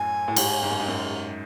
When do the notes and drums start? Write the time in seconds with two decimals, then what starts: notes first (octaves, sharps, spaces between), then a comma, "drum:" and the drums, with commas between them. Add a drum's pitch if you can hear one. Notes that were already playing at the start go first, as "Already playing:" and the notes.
Already playing: F#2 A2 G#5
0.28 A2
0.37 G#2, drum: cymbal
0.63 G#2
0.70 F#2
0.80 G#2
0.88 F#2